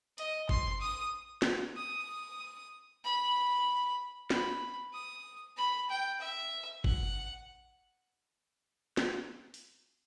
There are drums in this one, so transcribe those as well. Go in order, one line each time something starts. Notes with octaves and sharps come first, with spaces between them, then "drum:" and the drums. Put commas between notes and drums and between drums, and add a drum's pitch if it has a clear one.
D#5, drum: hi-hat
C6, drum: kick
D#6
drum: snare
D#6
B5
B5, drum: snare
D#6
B5
G5
E5
F#5, drum: kick
drum: snare
drum: open hi-hat